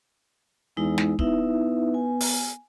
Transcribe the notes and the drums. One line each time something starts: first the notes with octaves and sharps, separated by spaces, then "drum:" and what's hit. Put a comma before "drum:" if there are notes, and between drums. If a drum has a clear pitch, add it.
E2 G#3 D#4 E4
drum: snare
B3 D#4 E4 E5, drum: kick
G#5
drum: open hi-hat